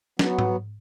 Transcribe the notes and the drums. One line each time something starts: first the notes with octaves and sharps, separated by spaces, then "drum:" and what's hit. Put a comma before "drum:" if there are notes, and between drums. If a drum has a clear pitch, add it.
F#3 B3, drum: snare
drum: tom G#2